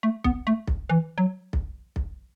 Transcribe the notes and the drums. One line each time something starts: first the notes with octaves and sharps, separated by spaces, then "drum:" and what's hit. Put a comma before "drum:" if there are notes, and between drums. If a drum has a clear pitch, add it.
A3
B3, drum: kick B1
A3
drum: kick B1
E3
F#3
drum: kick B1
drum: kick B1